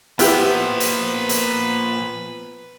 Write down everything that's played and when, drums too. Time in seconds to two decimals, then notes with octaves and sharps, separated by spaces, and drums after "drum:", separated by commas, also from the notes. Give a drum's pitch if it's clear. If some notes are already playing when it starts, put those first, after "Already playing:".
0.19 A#2 F3 B3 E4 G4 B4, drum: hi-hat
0.80 drum: hi-hat
1.29 drum: hi-hat